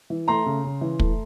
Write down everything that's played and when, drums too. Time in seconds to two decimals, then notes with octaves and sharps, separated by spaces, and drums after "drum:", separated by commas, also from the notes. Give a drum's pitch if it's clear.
0.10 E3
0.28 A3 A#5 C6
0.46 C#3
0.64 C#3
0.81 E3
0.99 A3, drum: kick